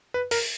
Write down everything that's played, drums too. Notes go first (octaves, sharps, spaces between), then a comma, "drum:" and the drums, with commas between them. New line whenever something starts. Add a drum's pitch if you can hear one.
B4
A#4, drum: open hi-hat